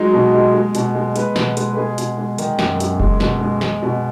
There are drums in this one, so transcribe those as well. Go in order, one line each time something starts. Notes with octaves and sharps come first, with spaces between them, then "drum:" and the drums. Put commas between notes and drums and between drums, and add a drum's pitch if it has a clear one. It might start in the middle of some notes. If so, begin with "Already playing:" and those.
Already playing: F#3 G#3 D#4
B2
G#3
G#3
B2, drum: hi-hat
G#3
G#3 B4, drum: hi-hat
B2, drum: snare
G#3, drum: hi-hat
B4
G#3 G#4
B2, drum: hi-hat
G#3
D#3, drum: hi-hat
F#2, drum: snare
F#2, drum: hi-hat
G#3, drum: kick F1
B2, drum: snare
G#3
G#3, drum: snare
B2